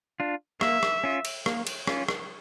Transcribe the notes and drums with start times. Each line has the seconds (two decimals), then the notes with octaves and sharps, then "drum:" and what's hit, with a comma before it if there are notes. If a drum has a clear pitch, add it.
0.20 D4 F4
0.61 A#3 E5, drum: rim click
0.83 drum: rim click
1.04 C#4 F4
1.25 drum: cymbal
1.46 A#3, drum: rim click
1.67 drum: cymbal
1.87 C#4 F4, drum: rim click
2.08 drum: rim click